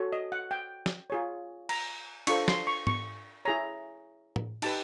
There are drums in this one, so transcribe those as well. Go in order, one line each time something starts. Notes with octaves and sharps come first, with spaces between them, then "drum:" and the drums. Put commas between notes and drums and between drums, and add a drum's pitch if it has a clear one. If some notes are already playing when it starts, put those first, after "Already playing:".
Already playing: F#4 A4 C#5
D#5
F#5
G5
drum: snare
F4 G#4 C#5
A#5, drum: cymbal
D4 F4 A4 C5 C#6, drum: cymbal
C6, drum: snare
C#6
C#6, drum: tom G#2
E4 G#4 C#5 A#5
drum: tom A2
D#4 G4 B4 A5, drum: cymbal